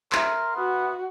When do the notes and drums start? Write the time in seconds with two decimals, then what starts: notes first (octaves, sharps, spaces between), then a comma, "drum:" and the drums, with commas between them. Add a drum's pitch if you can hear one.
0.12 A#4 E5 C6, drum: clap
0.55 B3 F#4